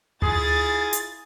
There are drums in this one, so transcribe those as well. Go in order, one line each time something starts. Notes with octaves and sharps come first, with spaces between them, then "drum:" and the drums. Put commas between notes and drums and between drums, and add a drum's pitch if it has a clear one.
E4 F4 G#4 A6, drum: tom D2
drum: hi-hat